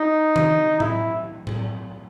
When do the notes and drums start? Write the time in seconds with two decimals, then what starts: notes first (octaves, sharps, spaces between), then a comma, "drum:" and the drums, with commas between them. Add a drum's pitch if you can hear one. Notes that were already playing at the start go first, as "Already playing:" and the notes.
Already playing: D#4
0.36 drum: tom D#3
0.80 E4, drum: tom A2
1.47 drum: tom A2